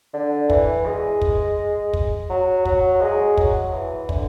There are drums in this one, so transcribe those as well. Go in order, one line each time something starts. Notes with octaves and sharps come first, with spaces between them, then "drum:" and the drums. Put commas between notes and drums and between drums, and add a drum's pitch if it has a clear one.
D3
E3, drum: kick
G#3
drum: kick
drum: kick
F#3
F#3, drum: kick
G#3
F#3, drum: kick
E3
D3, drum: kick